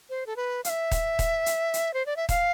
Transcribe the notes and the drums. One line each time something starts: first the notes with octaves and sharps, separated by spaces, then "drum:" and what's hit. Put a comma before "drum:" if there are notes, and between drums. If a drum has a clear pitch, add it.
C5
A4
B4
F5, drum: hi-hat
E5
drum: kick D#1, hi-hat
drum: kick D#1, hi-hat
drum: hi-hat
drum: hi-hat
C5
D5
E5
F5, drum: kick D#1, hi-hat